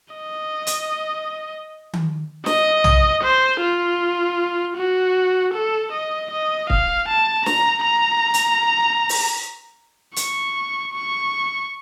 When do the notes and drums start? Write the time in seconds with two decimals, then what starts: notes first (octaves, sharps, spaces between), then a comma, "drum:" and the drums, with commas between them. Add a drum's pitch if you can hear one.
0.14 D#5
0.67 drum: hi-hat
1.93 drum: tom D#3
2.46 D#5, drum: snare
2.84 drum: tom
3.23 C5
3.61 F4
4.77 F#4
5.54 A4
5.92 D#5
6.31 D#5
6.70 F5, drum: kick
7.08 A5
7.46 A#5, drum: snare
7.85 A#5
8.34 drum: hi-hat
9.09 drum: open hi-hat
10.16 C#6, drum: hi-hat
10.94 C#6